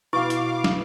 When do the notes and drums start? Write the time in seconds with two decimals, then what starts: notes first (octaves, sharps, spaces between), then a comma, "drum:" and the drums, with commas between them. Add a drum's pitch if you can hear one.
0.13 B2 E4 F5 C#6 D6
0.30 drum: hi-hat
0.64 drum: snare